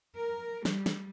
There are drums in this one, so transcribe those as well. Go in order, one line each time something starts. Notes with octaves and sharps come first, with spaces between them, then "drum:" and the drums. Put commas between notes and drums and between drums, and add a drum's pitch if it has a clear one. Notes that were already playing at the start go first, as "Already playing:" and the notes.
A#4
G3, drum: snare
drum: snare